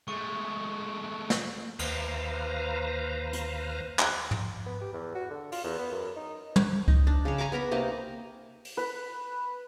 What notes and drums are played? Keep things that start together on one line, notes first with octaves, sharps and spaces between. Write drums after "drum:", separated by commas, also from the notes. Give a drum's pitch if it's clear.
G#3 A3 C#6
drum: snare
D#2 B4 C5 F5 A#5, drum: cymbal
drum: hi-hat
drum: clap
drum: tom
B3
G4
E2
F#4
D3
F4, drum: open hi-hat
E2
B3
F#2
D#4
drum: tom
D#4, drum: kick C#2
D4
C#3 C#5
G#5 A#5 C#6 D6
B3 A#4 A#5 B5
C3 A#3 D#4 D#5
drum: open hi-hat
B4